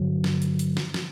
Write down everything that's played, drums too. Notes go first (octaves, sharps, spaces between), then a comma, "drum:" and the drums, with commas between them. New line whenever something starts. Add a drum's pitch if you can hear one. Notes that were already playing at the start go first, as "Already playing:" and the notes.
Already playing: G2 D3 F#3
drum: snare
drum: hi-hat
drum: hi-hat
drum: snare
drum: snare